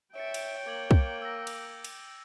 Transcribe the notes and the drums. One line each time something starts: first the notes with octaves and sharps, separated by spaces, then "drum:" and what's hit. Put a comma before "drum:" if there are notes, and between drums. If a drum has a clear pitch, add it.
C#5 E5 G5 A6 C#7 D7
drum: cymbal
A#3 D6 G#6 F#7
drum: kick
E6 G#6 A#6
drum: cymbal
drum: cymbal